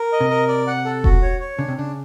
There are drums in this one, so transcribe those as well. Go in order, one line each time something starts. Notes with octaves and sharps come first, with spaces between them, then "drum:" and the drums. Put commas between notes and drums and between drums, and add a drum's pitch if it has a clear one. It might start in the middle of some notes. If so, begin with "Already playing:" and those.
Already playing: A#4
D#5
C3
A#4
D5
F#5
A4
F#4, drum: kick E1
C#5
C#5
C#3 D4
C3
C#3 D4